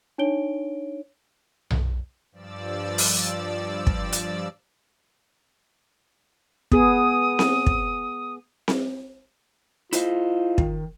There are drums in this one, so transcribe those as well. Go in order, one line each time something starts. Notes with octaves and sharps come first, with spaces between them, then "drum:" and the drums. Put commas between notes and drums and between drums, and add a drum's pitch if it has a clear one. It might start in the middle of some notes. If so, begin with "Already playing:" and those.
D4 D#4 C#5 D7 G7
drum: tom B1
G2 F3 D5 E6 A6
drum: open hi-hat
drum: kick
drum: hi-hat
B3 G#4 D#6, drum: kick
drum: snare C4
drum: kick
drum: snare C4
E4 F4 C5 D#5, drum: hi-hat
D#3, drum: kick